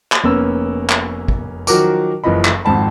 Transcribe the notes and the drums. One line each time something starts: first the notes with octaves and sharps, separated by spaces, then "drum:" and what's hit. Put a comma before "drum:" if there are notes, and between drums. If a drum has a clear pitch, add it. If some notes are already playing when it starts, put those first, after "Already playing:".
drum: clap
F1 A#3 B3 C#4 E6
drum: clap
drum: kick
D#3 F3 F#3 F#4 A#4 D6, drum: tambourine
F#1 E3 F3 D#5 B5
drum: clap
G#1 F2 G#2 C4 A5 B5